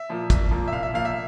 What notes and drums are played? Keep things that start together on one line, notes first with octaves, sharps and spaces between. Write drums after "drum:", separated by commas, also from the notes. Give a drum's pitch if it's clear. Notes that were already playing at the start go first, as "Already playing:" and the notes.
Already playing: E5
A#2 F3 A#3
C2, drum: kick, hi-hat
A#2 F3 A#3
E5
C2 F5
E5
A#2 F3 A#3 F5
E5